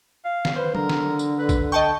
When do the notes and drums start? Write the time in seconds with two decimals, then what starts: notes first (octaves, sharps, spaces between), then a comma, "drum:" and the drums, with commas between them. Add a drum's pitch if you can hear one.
0.25 F5
0.45 drum: snare
0.56 B4 C5
0.75 D3 A#4, drum: tom F#3
0.90 drum: snare
1.19 drum: tambourine
1.39 B4
1.49 drum: kick, tambourine
1.72 D#5 G5 A5 C#6